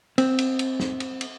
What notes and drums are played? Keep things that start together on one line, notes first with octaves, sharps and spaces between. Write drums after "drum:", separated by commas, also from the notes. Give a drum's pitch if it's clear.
C4, drum: cymbal
drum: cymbal
drum: cymbal
drum: snare
drum: cymbal
drum: cymbal